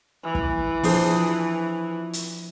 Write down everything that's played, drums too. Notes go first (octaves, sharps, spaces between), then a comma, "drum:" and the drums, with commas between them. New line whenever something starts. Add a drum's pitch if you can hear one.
E3
drum: kick
F3 D4 G#4 C5, drum: open hi-hat
drum: hi-hat